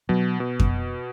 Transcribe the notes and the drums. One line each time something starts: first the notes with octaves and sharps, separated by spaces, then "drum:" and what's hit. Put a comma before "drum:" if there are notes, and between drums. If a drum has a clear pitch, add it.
B2 F#3
B2
drum: kick F2